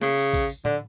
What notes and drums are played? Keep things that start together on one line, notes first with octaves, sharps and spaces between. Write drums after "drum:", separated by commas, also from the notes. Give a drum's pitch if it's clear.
C#3, drum: snare
drum: tambourine
drum: kick, tambourine
drum: tambourine
D3, drum: tom A2